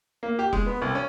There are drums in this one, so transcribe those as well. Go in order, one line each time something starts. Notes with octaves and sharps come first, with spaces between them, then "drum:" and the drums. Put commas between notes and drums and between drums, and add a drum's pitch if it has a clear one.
A#3
G4
G#3, drum: kick E1
B3
C2
C#4